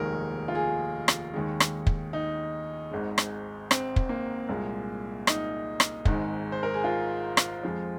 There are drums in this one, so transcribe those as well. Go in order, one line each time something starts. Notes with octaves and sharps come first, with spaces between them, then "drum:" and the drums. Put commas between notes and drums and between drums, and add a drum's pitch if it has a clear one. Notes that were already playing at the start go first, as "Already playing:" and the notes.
Already playing: F1 D#2 D#3 G#3 A#4
F4
G#4
drum: rim click
D#2 D#3 G#3
drum: rim click
drum: kick
D#4
G#1 G#2 G#3
drum: rim click
C4, drum: rim click
drum: kick
A#3
C2 A#2 G#3
D#4, drum: rim click
drum: rim click
G#1 G#2 D#3 G#3, drum: kick
C5
A#4
G#4
F4
drum: rim click
F2 F3 G#3